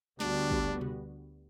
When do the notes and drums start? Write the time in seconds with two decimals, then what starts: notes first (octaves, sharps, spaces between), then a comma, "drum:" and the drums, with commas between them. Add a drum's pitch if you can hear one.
0.20 D2 D3 G3 B3 D4 F#4, drum: snare
0.51 drum: kick
0.81 drum: tom B2